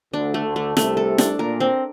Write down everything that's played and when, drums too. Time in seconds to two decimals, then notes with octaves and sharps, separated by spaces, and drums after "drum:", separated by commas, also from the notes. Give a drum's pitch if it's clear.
0.13 D2 D3 D4
0.34 A3
0.45 D2 D3
0.56 A3
0.77 C2 C3 A3, drum: snare
0.97 A4
1.18 D4, drum: snare
1.39 A#2 A#4
1.60 C4